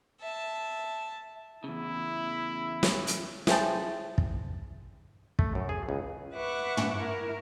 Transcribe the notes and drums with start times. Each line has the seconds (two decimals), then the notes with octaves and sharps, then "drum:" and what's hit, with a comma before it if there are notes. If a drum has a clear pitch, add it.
0.21 E5 A5
1.64 E2 C#3 E4
2.83 drum: snare
3.07 drum: hi-hat
3.47 E4 G#4 C5 G5 A5, drum: snare
4.18 drum: kick
5.39 A3, drum: kick
5.55 F#2
5.69 G#4
5.89 C#2
6.34 B4 E5 F#5 C#6 D6
6.77 drum: tom
6.97 E4 A#4